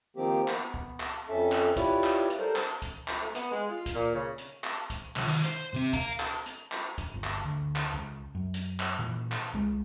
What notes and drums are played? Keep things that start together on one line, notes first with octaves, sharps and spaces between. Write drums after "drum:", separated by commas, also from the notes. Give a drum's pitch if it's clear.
D#3 F3 A#3 C4 G4
B3, drum: clap
drum: kick C#2
drum: clap
F2 C#4 A4 E5 A5
drum: clap
E4 F4 G4 B4 C#5 D5, drum: kick C#2, hi-hat
drum: clap
drum: hi-hat
G3 A4 A#4 C5
drum: clap
drum: kick C#2, hi-hat
drum: clap
A3
B3, drum: hi-hat
G#3
F4
drum: kick C#2, hi-hat
A#2
C#3
drum: hi-hat
drum: clap
drum: kick C#2, hi-hat
C3 F3, drum: clap
D#3 B3
C5, drum: hi-hat
C3 C4
F5 A#5, drum: kick C#2, hi-hat
drum: clap
drum: hi-hat
drum: clap
drum: kick C#2, hi-hat
G1
drum: clap
D2
drum: clap
C#2
F#2
drum: hi-hat
drum: clap
A#2 E3
drum: clap
C2 G#3